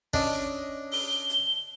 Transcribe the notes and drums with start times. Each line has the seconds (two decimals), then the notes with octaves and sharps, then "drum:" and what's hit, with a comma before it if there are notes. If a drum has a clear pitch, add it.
0.14 C#4 D4 D#5, drum: kick, open hi-hat
0.91 G7, drum: open hi-hat
1.29 drum: hi-hat